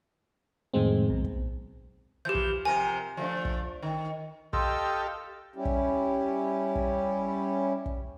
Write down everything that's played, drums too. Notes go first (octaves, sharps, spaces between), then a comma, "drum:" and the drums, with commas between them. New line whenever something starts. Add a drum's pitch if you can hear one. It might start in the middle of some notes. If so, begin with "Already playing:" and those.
F2 A2 D#3 G#3 C4
B1 B2
drum: kick
E3 F3 G4 G6
drum: kick
C3 F3 A#4 G#5
F3 A3 D4
drum: kick
D#3
G4 A4 D#5 F5 G5 C6 E6, drum: kick
G3 C#4 E4 G4
drum: kick
drum: kick
drum: kick